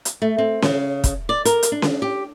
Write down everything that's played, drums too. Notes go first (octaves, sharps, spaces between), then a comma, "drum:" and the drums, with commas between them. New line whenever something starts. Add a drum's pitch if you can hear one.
drum: hi-hat
A3
C4
C#3, drum: snare C#4
drum: kick, hi-hat
D5
A#4, drum: hi-hat
drum: hi-hat
D4
drum: snare C#4
G4